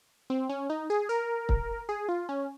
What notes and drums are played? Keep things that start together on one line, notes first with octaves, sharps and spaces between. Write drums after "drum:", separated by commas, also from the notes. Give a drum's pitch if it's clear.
C4
C#4
D#4
G#4
A#4
drum: kick
G#4
F4
C#4